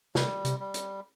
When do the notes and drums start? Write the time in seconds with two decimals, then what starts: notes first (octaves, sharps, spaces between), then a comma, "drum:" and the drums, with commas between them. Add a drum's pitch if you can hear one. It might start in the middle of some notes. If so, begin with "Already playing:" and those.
0.15 C3 G3, drum: snare
0.45 C3, drum: hi-hat
0.60 G3
0.74 drum: hi-hat